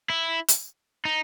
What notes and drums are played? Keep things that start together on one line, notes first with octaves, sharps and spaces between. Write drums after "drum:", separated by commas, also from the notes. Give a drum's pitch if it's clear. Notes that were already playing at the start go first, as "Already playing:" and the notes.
E4
drum: hi-hat
D#4